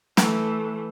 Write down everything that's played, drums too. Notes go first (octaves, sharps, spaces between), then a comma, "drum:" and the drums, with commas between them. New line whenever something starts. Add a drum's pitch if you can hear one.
E3 A3, drum: snare